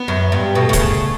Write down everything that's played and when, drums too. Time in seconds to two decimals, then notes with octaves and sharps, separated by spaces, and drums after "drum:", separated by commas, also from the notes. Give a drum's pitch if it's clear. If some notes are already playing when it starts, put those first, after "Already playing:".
Already playing: B3
0.08 F#2
0.32 G2
0.55 B2 A3
0.69 B2
0.73 C#3, drum: kick, hi-hat